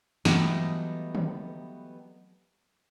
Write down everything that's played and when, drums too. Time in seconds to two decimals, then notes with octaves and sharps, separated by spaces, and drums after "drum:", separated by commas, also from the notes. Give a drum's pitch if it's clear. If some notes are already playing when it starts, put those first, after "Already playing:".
0.25 E3 F#3 G3 A3 B3 D#5, drum: snare
1.15 drum: tom